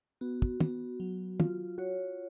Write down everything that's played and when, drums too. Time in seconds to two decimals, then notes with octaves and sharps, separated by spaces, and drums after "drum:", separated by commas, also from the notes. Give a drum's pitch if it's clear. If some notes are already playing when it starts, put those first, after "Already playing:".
0.21 B3 F#4
0.42 drum: kick
0.60 B3, drum: tom
1.00 F#3
1.40 F4, drum: tom
1.78 F#4 C#5